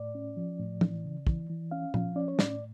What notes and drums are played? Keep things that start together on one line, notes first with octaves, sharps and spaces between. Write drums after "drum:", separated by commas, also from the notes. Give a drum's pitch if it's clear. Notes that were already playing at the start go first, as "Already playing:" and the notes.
Already playing: A2 D5
C#4
F3
A2
E3, drum: tom
C#3
E3, drum: kick
E3
C#4 F5
F3, drum: tom A#2
C#4 D5
C#5
A2 D5, drum: snare